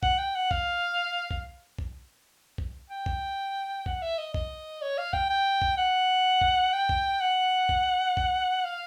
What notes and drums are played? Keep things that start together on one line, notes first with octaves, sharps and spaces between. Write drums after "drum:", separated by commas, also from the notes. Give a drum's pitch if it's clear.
F#5, drum: kick
G5
F#5
F5, drum: kick
drum: kick
drum: kick
drum: kick
G5
drum: kick
F#5, drum: kick
E5
D#5
D#5, drum: kick
C#5
F5
G5, drum: kick
G5
drum: kick
F#5
drum: kick
G5
drum: kick
F#5
drum: kick
drum: kick
F5